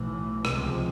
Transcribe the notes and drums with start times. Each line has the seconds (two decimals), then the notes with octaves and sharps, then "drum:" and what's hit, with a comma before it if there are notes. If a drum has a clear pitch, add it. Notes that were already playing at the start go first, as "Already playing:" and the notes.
Already playing: B1 A2 E3
0.45 C#2 C3 F3 G#3, drum: rim click